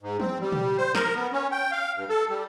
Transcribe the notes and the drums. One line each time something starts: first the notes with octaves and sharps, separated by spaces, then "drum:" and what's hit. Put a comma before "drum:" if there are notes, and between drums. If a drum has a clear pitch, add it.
G#2
C4, drum: tom
G3
drum: tom
C5
A#4, drum: snare
B3
C#4
G5
F5
G2
A4
G3